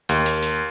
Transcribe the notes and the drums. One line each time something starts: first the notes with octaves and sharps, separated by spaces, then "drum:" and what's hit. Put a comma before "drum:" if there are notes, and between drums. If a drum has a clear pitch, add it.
D#2, drum: hi-hat
drum: hi-hat
drum: hi-hat